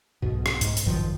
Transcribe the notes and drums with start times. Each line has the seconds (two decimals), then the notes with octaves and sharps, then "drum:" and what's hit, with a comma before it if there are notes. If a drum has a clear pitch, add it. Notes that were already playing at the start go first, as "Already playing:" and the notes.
0.22 B1 G#2 B2
0.46 drum: rim click
0.61 G#2, drum: hi-hat
0.77 drum: hi-hat
0.86 A1 F#2 D#3 F3